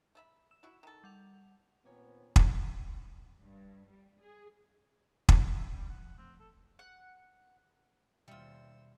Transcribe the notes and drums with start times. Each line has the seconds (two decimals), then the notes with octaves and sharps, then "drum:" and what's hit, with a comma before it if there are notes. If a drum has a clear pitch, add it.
0.15 A3 E5 B5
0.51 E6 E7
0.63 E4 F#4 E5
0.83 D#3 A4
1.04 G3 F#5 F7
1.85 D#2 A#2 B3 C4 C#5 G#5
2.36 drum: kick
3.39 G2
3.88 G3
4.20 G#4
5.29 drum: kick
5.57 D#2 E4
5.74 E1 D#2 G3 C#4
5.90 G#2 B2 D#3 F#5
6.02 F3
6.18 F3 A3 C4
6.39 A4
6.79 F#5
8.28 D#2 B2 G3 F4 C5 E5 E6 C#7